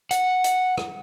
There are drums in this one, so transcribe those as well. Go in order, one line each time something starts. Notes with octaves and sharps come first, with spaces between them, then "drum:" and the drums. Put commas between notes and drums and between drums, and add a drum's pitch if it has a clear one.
F#5, drum: hi-hat
drum: hi-hat
drum: rim click